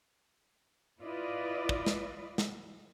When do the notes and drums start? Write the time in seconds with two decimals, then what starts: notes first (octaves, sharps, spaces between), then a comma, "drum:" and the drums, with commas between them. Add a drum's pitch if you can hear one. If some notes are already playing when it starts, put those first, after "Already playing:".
1.00 E4 F4 B4 D5 D#5
1.69 drum: kick
1.86 drum: snare
2.38 drum: snare